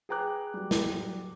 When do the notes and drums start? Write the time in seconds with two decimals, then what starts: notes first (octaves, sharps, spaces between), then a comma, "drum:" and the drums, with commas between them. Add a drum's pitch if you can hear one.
0.09 G#4 B4 G5 A#5 D6 F#6
0.54 F#3 G3
0.71 drum: snare